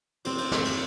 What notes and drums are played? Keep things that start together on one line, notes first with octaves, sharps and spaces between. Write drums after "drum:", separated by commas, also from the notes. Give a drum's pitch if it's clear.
C4 C5, drum: cymbal
drum: cymbal
drum: snare
drum: cymbal